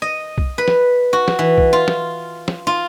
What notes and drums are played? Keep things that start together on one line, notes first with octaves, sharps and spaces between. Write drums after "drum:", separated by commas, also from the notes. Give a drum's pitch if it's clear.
D#5
drum: kick B1
B4
drum: snare
F#4
drum: snare
E3
drum: kick B1
F4
drum: snare
drum: snare
F4